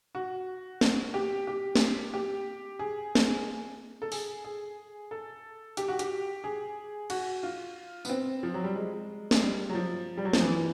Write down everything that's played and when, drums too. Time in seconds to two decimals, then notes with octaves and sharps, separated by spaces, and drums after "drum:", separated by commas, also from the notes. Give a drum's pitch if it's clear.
0.15 F#4
0.81 drum: snare
1.14 G4
1.47 G4
1.76 drum: snare
2.14 G4
2.79 G#4
3.15 drum: snare
4.02 A4
4.12 G#4, drum: open hi-hat
4.44 G#4
5.11 A4
5.77 G4, drum: hi-hat
5.88 F#4
5.99 G4, drum: hi-hat
6.44 G#4
7.10 F#4, drum: cymbal
7.43 F4
8.05 B3, drum: tambourine
8.09 C4
8.43 F3
8.54 F#3
8.64 G3
8.76 G#3
9.31 G#3, drum: snare
9.42 G3
9.69 F#3
9.75 F3
10.18 G3
10.25 F#3
10.33 F3, drum: snare
10.41 E3